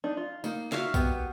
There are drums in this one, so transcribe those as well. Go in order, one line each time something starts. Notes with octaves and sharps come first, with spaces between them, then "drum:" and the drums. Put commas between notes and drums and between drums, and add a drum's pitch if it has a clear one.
D4 D#4
F4
A#3 D#4, drum: tambourine
F#4 E5 F5, drum: snare
B3 G4, drum: kick B1, tambourine